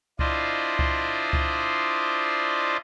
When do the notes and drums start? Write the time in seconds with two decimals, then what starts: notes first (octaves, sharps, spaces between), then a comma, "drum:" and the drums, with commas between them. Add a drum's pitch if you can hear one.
0.19 D4 E4 F4 C5 D5 D#5, drum: kick C#2
0.79 drum: kick C#2
1.33 drum: kick C#2